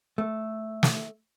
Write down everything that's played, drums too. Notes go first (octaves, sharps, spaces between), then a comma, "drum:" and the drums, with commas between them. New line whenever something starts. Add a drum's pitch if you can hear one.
A3
drum: snare